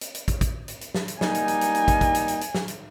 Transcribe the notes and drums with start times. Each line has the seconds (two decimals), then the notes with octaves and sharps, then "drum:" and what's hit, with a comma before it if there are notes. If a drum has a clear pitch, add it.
0.01 drum: hi-hat
0.15 drum: hi-hat
0.28 drum: kick, hi-hat
0.41 drum: kick, hi-hat
0.68 drum: hi-hat
0.81 drum: hi-hat
0.95 drum: snare
1.08 drum: hi-hat
1.21 G3 A#3 D#4 G#5, drum: snare
1.35 drum: hi-hat
1.48 drum: hi-hat
1.61 drum: hi-hat
1.75 drum: hi-hat
1.88 drum: kick, hi-hat
2.01 drum: kick, hi-hat
2.15 drum: hi-hat
2.28 drum: hi-hat
2.41 drum: hi-hat
2.55 drum: snare
2.68 drum: hi-hat